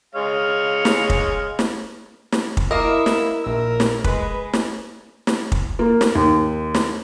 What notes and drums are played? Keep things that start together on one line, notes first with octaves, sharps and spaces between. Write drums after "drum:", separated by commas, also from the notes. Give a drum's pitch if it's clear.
G#3 C#5 F5
drum: snare
drum: kick
drum: snare
drum: snare
drum: kick
A#3 E4 A#4 D#5 E5
drum: snare
A#1 A#4 E6
drum: snare
G#3 B4, drum: kick
drum: snare
drum: snare
drum: kick
A#3
drum: snare
D#2
drum: snare